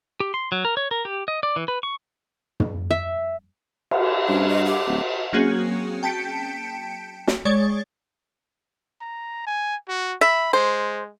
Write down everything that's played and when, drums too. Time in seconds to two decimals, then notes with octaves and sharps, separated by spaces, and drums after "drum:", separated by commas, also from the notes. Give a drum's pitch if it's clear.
0.20 G4
0.34 C6
0.52 F#3
0.65 A#4
0.77 C#5
0.91 A#4
1.05 G4
1.28 D#5
1.43 D5
1.56 E3
1.68 B4
1.83 C#6
2.60 drum: tom
2.91 E5
3.91 drum: cymbal
4.29 G2 C#4
4.49 D#5
4.66 G4
4.87 D1
5.33 F#3 A#3 C4 C#4 F#4 G#4
6.03 G5 A5 G6 B6 C#7 D7
7.27 drum: snare
7.45 G#3 C#5 D5 C#6 A6
9.01 A#5
9.46 G#5
9.88 F#4
10.21 E5 B5
10.53 G#3 C5